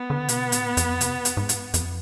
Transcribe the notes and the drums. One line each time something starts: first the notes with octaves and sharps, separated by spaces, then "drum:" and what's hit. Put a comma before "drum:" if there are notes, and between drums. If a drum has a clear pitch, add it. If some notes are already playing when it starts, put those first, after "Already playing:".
Already playing: B3
D3
B2, drum: hi-hat
A2, drum: hi-hat
F2, drum: hi-hat
C3, drum: hi-hat
drum: hi-hat
G#2
drum: hi-hat
F2, drum: hi-hat